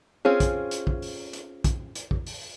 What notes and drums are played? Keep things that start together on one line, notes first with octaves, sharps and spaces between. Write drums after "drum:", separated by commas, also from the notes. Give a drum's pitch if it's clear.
C4 C#4 F4 G#4
drum: kick, hi-hat
drum: hi-hat
drum: kick
drum: open hi-hat
drum: hi-hat
drum: kick, hi-hat
drum: hi-hat
drum: kick
drum: open hi-hat